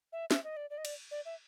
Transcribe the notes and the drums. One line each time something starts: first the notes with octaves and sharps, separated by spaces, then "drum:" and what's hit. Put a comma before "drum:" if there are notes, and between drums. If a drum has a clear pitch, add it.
E5
E5, drum: snare
D#5
D5
D5
D#5
D5, drum: cymbal
D5
E5